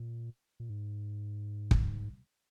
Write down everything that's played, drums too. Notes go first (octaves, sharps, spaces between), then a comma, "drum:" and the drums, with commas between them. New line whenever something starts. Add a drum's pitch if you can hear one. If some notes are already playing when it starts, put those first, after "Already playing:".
Already playing: A#2
A#2
G#2
drum: kick